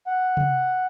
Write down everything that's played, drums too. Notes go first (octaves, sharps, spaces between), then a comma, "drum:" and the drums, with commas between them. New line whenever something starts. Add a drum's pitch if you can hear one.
F#5
drum: tom C3